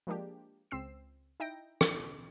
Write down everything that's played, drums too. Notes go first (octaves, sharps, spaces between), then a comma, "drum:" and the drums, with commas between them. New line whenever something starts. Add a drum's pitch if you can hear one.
F3 G#3 A#3 D4 G4
C#2 C4 E6 C7
D#4 E4 G5 A#6 D7
drum: rim click